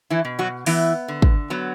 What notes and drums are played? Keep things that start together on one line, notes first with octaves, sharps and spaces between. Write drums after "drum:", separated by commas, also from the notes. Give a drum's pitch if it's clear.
E3 E4
B2
F#3 F#4
E3 B3 E4, drum: open hi-hat
D3
drum: kick
F#3 B3